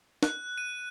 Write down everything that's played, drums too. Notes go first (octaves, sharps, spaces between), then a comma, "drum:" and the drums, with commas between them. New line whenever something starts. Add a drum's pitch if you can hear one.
F#6, drum: snare
D#7